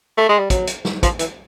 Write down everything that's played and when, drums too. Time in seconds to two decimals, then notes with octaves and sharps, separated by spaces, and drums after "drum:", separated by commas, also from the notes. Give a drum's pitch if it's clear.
0.18 A3
0.29 G#3
0.39 G3
0.50 F#3, drum: kick, hi-hat
0.67 drum: hi-hat
0.85 drum: snare
1.03 F3, drum: kick, hi-hat
1.19 E3, drum: hi-hat